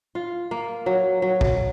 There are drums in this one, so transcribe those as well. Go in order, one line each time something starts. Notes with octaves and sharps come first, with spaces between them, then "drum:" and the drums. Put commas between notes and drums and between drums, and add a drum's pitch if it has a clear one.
F4
A#3
F#3
F#3
drum: kick